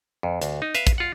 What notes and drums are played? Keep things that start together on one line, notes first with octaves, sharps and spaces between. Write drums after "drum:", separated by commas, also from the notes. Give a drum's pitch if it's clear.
F2
D2, drum: hi-hat
D#4
B4 E5 F5, drum: hi-hat
drum: kick, hi-hat
F4 F#5